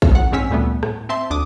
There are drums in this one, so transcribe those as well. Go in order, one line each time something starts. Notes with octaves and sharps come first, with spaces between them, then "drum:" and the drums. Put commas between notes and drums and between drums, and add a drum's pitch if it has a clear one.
drum: kick A#1
A1 F#5
A#1 G#2 C4 C#4 E6 B6
D2 A#2 G3 A3 B3
A2, drum: rim click
C4 E5 A5 C6
D2 D4 D6 D#6